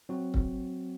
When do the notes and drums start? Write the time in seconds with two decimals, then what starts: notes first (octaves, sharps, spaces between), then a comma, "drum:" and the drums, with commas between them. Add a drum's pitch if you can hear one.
0.09 F#3 C4 F#4
0.34 drum: kick C#1